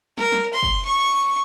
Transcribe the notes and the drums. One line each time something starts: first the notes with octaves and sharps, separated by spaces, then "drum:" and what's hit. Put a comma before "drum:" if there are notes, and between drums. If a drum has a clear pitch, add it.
A#4, drum: snare
drum: snare
C6
drum: kick F#1
C#6